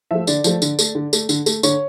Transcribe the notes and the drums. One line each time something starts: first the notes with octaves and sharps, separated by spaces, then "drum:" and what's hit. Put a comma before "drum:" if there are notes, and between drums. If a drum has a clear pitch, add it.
F3 A3 E5
D3 D5, drum: tambourine
F3 A3, drum: tambourine
D3, drum: tambourine
A3, drum: tambourine
D3
A3, drum: tambourine
D3, drum: tambourine
A3, drum: tambourine
D3 C#5, drum: tambourine